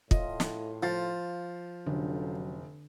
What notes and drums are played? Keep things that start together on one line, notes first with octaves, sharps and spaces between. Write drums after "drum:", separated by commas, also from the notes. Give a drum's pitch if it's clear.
A2 F4 D#5, drum: kick
drum: snare
F3 F4 F5 A6 C7
F1 D3 F#3 C#4